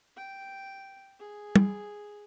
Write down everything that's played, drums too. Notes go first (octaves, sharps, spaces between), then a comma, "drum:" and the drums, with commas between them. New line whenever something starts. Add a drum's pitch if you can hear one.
G5
G#4
drum: tom